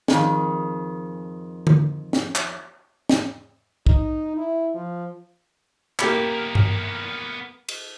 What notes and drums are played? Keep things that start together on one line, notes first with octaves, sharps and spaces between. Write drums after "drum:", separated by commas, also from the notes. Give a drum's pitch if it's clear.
F2 C3 D#3 G#4, drum: snare
drum: tom D3
drum: snare
drum: clap
drum: snare
D#4, drum: kick
E4
F3
A#3 B3 G4 A#4 B5, drum: clap
drum: tom G2
drum: cymbal